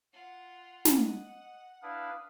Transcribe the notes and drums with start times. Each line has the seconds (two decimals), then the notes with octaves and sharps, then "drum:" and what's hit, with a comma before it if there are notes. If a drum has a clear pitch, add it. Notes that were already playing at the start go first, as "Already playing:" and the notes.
0.13 F4 F#5
0.85 drum: snare
1.01 D#5 F#5
1.83 D4 E4 B4 F5 D#6